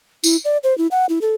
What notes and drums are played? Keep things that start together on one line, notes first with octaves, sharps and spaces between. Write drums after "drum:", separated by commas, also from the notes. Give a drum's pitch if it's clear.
E4, drum: tambourine
D5
C5
E4
F#5
E4
A4